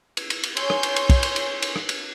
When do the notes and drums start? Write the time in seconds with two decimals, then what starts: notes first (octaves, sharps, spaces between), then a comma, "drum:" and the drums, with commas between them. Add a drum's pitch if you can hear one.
0.17 drum: cymbal
0.30 drum: cymbal
0.43 drum: cymbal
0.57 C#5 G#5 C6 G6, drum: cymbal
0.70 drum: rim click
0.83 drum: cymbal
0.96 drum: cymbal
1.10 drum: kick, cymbal
1.23 drum: cymbal
1.36 drum: cymbal
1.62 drum: cymbal
1.76 drum: rim click
1.89 drum: cymbal